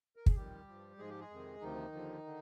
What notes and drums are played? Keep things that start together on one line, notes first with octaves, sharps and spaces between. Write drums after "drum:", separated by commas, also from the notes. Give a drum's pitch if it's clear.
A#4
G#4, drum: kick
F2 D#3 G3 G4
G2 F3
G#2 F3 G#3 G#4
G3 G4
G#3 G#4
F2 C3 D#3
D2 C3 D#3 F3 D#4
D#2 D3 F3
D3